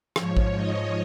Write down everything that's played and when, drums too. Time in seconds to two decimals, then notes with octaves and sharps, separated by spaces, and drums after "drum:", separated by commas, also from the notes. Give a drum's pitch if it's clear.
0.16 G#2 F3 C#5, drum: rim click
0.37 drum: kick A1
0.56 D#5